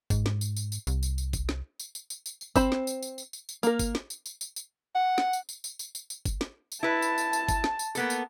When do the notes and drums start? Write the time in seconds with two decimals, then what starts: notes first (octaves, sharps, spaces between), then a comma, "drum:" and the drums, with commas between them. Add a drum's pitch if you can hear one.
0.10 G#2, drum: kick G1, tambourine
0.26 drum: snare
0.41 drum: tambourine
0.56 drum: tambourine
0.72 drum: tambourine
0.87 C2, drum: tambourine
1.03 drum: tambourine
1.18 drum: tambourine
1.33 drum: kick G1, tambourine
1.49 drum: snare
1.79 drum: tambourine
1.95 drum: tambourine
2.10 drum: tambourine
2.26 drum: tambourine
2.41 drum: tambourine
2.56 C4 C5 B5, drum: kick G1, tambourine
2.72 drum: snare
2.87 drum: tambourine
3.03 drum: tambourine
3.18 drum: tambourine
3.33 drum: tambourine
3.49 drum: tambourine
3.63 A#3 A#4, drum: tambourine
3.79 drum: kick G1, tambourine
3.95 drum: snare
4.10 drum: tambourine
4.26 drum: tambourine
4.41 drum: tambourine
4.56 drum: tambourine
4.96 F#5
5.18 drum: snare
5.33 drum: tambourine
5.49 drum: tambourine
5.64 drum: tambourine
5.79 drum: tambourine
5.95 drum: tambourine
6.10 drum: tambourine
6.25 drum: kick G1, tambourine
6.41 drum: snare
6.72 drum: tambourine
6.83 E4 B4 A5
7.02 drum: tambourine
7.18 drum: tambourine
7.33 drum: tambourine
7.48 drum: kick G1, tambourine
7.64 drum: snare
7.79 drum: tambourine
7.95 A#3 B3 A4, drum: tambourine
8.10 drum: tambourine